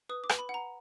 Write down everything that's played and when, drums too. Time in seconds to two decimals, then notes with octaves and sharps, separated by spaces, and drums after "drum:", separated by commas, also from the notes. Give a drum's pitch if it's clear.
0.09 B4 D#6
0.24 D6
0.29 B4, drum: rim click
0.39 B5
0.49 F#5
0.54 A#5